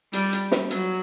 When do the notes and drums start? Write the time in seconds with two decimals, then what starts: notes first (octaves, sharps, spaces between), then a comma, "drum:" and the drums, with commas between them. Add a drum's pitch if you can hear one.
0.13 G3, drum: hi-hat
0.33 drum: hi-hat
0.52 drum: snare
0.71 F#3, drum: hi-hat